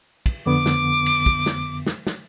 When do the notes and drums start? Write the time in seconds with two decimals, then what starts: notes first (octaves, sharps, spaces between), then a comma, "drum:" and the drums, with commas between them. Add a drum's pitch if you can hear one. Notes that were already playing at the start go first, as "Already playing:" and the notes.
0.26 drum: kick, cymbal
0.46 F2 D3 B3 D6
0.66 drum: snare
1.06 drum: cymbal
1.26 drum: kick
1.46 drum: snare
1.86 drum: snare
2.07 drum: snare